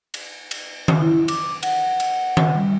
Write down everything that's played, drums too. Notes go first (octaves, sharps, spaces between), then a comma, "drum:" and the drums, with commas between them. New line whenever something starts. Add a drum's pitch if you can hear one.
drum: cymbal
drum: cymbal
drum: tom D#3
E4
D6, drum: cymbal
F#5, drum: cymbal
drum: cymbal
drum: tom D#3
G3